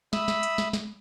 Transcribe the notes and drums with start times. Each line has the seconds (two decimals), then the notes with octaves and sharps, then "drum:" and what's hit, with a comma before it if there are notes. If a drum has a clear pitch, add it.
0.13 E5 B5 D#6 E6, drum: snare
0.28 drum: snare
0.43 drum: hi-hat
0.58 drum: snare
0.73 drum: snare